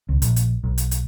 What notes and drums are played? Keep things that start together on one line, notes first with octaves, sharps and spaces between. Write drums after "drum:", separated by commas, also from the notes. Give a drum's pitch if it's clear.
C#2
A#1, drum: hi-hat
drum: hi-hat
B1
drum: hi-hat
drum: hi-hat